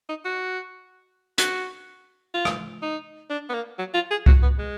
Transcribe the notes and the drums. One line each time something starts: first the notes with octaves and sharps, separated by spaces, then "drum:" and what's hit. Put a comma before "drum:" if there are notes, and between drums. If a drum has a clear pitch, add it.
D#4
F#4
F#4, drum: hi-hat
F4
drum: rim click
D#4
D4
B3
A#3
F#3
F4
G#4
F#4, drum: kick C2
B3
G#3